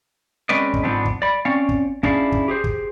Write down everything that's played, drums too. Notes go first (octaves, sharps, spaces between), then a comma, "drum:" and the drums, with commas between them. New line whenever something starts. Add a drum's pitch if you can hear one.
G#3 C4 C#4 B4 D5 D#5
drum: kick
G#2 E3 F3 B3 C4 D4
drum: kick
D5 B5
C4 C#4 C#5 D5 F5
drum: kick
C#4 D4 E4 G#4 D5 F5, drum: kick
drum: kick
G4 G#4 C5
drum: kick